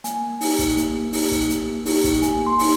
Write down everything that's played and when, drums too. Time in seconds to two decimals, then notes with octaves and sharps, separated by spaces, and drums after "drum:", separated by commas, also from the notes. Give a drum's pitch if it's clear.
0.04 A#3 G#5, drum: hi-hat
0.41 D#4 G4, drum: open hi-hat
0.59 drum: kick, hi-hat
0.77 A#3, drum: hi-hat
1.13 D#4 G4, drum: open hi-hat
1.31 drum: kick, hi-hat
1.49 A#3, drum: hi-hat
1.86 D#4 G4, drum: open hi-hat
2.04 drum: kick, hi-hat
2.22 A#3 G#5, drum: hi-hat
2.46 C6
2.59 D#4 G4, drum: open hi-hat